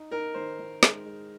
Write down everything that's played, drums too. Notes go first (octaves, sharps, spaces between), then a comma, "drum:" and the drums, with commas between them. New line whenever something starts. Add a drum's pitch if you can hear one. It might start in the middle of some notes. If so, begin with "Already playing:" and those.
Already playing: D#4
D#4 A#4
D#3 C5
D#3
G#3, drum: snare
G#3